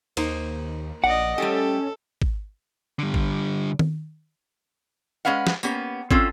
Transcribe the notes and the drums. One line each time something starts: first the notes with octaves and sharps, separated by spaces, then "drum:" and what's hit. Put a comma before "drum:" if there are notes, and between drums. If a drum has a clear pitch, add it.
D#2 A#3 D#4 C5, drum: cymbal
A#1 D5 D#5 F#5
G3 A3 C#4 G4 A4
drum: kick
D3 G3
drum: kick
drum: tom D#3
G#3 A#3 C#4 B4 F5 F#5
drum: snare
A#3 B3 C#4 G4, drum: tambourine
C4 C#4 F4 A4, drum: kick